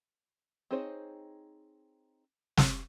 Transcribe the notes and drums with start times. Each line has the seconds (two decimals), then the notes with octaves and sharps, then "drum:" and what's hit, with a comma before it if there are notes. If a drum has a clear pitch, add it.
0.71 C4 D#4 G#4 C5 C#5
2.57 drum: snare